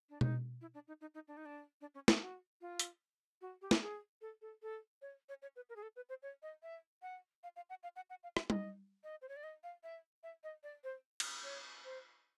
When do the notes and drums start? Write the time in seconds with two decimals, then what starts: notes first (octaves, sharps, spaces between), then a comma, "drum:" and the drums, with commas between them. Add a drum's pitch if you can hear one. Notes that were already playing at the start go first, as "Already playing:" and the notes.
0.10 D4
0.21 D#4, drum: tom B2
0.61 E4
0.74 D4
0.88 D#4
1.01 D#4
1.14 D#4
1.28 D4
1.37 D#4
1.45 D4
1.81 D4
1.95 C#4
2.08 F#4, drum: snare
2.21 F#4
2.61 F4
2.79 drum: hi-hat
3.41 F#4
3.62 G4
3.71 drum: snare
3.82 G#4
4.21 A4
4.42 A4
4.63 A4
5.02 C#5
5.29 C#5
5.42 C#5
5.56 B4
5.69 A#4
5.76 G#4
5.82 A4
5.96 B4
6.09 C5
6.23 C#5
6.42 D#5
6.63 E5
7.02 F#5
7.43 F5
7.56 F5
7.70 F#5
7.83 F5
7.96 F#5
8.10 F#5
8.23 F5
8.37 E5, drum: rim click
8.50 D#5, drum: tom G3
9.04 D#5
9.22 C5
9.29 C#5
9.36 D5
9.44 D#5
9.63 F5
9.83 E5
10.23 E5
10.44 D#5
10.63 D5
10.84 C5
11.20 drum: cymbal
11.44 C#5
11.84 C5